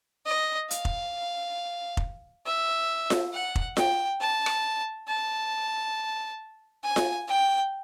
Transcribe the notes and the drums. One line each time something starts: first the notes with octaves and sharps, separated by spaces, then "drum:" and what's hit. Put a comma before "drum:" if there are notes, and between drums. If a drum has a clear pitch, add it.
D#5
F5, drum: hi-hat
drum: kick F1
drum: kick F1
E5
drum: snare F4
F#5
drum: kick F1
G5, drum: snare F4
A5
drum: rim click
A5
G#5
drum: snare F4
G5